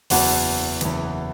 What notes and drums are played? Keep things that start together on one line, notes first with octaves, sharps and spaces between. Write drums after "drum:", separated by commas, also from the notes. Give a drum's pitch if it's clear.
F#1 E2 E3 F#4, drum: open hi-hat
F#1 E2 E3, drum: hi-hat